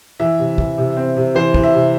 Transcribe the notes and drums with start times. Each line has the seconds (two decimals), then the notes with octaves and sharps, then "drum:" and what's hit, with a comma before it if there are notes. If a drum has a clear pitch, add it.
0.20 E3 E5
0.39 C3
0.58 E3, drum: kick
0.78 C3
0.97 C4
1.16 C3
1.35 E3 C5
1.54 E3, drum: kick
1.64 E5
1.74 C3